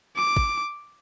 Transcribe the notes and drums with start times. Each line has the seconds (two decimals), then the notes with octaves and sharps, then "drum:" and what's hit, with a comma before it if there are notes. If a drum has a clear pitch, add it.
0.16 D6
0.37 drum: kick